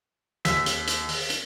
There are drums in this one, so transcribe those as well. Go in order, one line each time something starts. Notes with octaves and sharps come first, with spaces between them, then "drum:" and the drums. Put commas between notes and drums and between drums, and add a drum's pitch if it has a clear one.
D#2 E6 B6, drum: hi-hat
drum: hi-hat
drum: hi-hat
drum: open hi-hat
drum: hi-hat